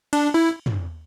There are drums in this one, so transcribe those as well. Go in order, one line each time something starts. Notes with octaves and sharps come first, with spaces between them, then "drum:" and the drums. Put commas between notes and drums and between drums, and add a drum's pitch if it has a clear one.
D4, drum: cymbal
E4
drum: tom